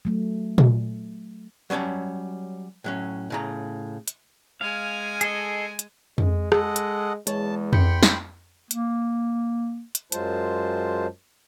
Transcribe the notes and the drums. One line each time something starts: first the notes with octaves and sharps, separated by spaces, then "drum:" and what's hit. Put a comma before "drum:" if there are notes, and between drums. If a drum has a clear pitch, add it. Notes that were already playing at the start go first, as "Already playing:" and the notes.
F#3 A3
drum: tom A#2
F#3 G3 C#4 C#5 A5
A2 F#3 C#4
A2 C#3 A#5
drum: hi-hat
G#3 F5 G#5
G#4 A4 D#5, drum: hi-hat
drum: hi-hat
G#3, drum: tom F2
G#3 A4 D#5 F#5, drum: rim click
drum: hi-hat
E2 G#3 C#5 A5, drum: hi-hat
G5 B5 C6 G6 C#7, drum: tom F2
drum: snare
A#3, drum: hi-hat
drum: hi-hat
F#2 F#3 G#3 F4 C5 A5, drum: hi-hat